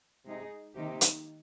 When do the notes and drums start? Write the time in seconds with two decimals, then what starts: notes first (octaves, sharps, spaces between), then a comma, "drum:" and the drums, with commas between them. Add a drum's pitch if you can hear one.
0.25 C3 G#3 D#4 G#4
0.76 C3 D#3 A#3 D#4 G4
1.01 drum: hi-hat